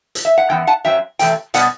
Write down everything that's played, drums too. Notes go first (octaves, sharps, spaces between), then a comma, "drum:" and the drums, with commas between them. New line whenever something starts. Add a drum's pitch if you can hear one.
drum: hi-hat
E5
F#5
F#2 E3 B3 G5
F#5 A5
F#2 F#3 C4 E5 G5
C3 E3 A3 G5, drum: hi-hat
B2 G3 B3 D5 F#5, drum: hi-hat